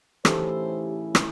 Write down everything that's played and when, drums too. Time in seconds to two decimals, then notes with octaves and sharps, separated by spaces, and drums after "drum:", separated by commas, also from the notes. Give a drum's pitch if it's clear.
0.25 A2 C#3 E3 D#4 E4 G4 A4 C5, drum: rim click
1.15 drum: rim click